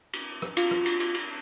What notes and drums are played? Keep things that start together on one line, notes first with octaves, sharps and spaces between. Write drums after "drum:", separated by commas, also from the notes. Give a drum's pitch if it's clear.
drum: cymbal
drum: rim click
F4, drum: cymbal
drum: rim click
drum: cymbal
drum: cymbal
drum: cymbal